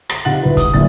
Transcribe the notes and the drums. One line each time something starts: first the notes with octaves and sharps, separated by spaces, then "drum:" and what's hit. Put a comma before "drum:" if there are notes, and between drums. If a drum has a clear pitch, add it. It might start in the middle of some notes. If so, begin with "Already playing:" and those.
A6, drum: rim click
C3 D#4 F4 F#5 A6 F#7
C2 B4
D#6, drum: kick, hi-hat
D1 C2 A#2 A6